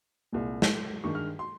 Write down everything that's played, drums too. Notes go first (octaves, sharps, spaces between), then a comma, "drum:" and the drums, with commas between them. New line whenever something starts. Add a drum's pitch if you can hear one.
C2 A#2 G#3
drum: snare
G2 D#3 G#3 C#6
F6
C6